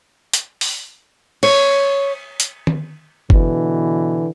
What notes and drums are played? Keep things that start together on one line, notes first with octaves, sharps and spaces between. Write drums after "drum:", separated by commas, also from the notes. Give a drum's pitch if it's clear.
drum: hi-hat
drum: open hi-hat
C#5, drum: cymbal
drum: hi-hat
drum: tom D#3
B2 D3 E3, drum: kick G1